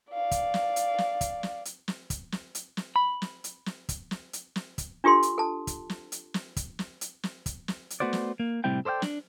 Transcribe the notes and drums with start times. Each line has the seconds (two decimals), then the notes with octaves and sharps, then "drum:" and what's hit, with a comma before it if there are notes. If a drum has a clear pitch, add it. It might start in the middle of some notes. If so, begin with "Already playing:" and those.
0.13 D5 F5
0.31 drum: kick, hi-hat
0.54 drum: snare
0.76 drum: hi-hat
0.98 drum: snare
1.21 drum: kick, hi-hat
1.43 drum: snare
1.65 drum: hi-hat
1.88 drum: snare
2.10 drum: kick, hi-hat
2.32 drum: snare
2.55 drum: hi-hat
2.77 drum: snare
2.96 B5
3.22 drum: snare
3.44 drum: hi-hat
3.66 drum: snare
3.89 drum: kick, hi-hat
4.11 drum: snare
4.33 drum: hi-hat
4.56 drum: snare
4.78 drum: kick, hi-hat
5.04 D4 F4 G4 A4 C6
5.23 drum: hi-hat
5.38 A4 A5
5.67 drum: kick, hi-hat
5.90 drum: snare
6.12 drum: hi-hat
6.34 drum: snare
6.56 drum: kick, hi-hat
6.79 drum: snare
7.01 drum: hi-hat
7.23 drum: snare
7.46 drum: kick, hi-hat
7.68 drum: snare
7.90 drum: hi-hat
8.00 A3 B3 F#4 C5 D5
8.13 drum: snare
8.40 A#3
8.64 A2 C3 G3 C4 E4 G5
8.85 A4 C5 D5 E5 G5
9.02 D4, drum: snare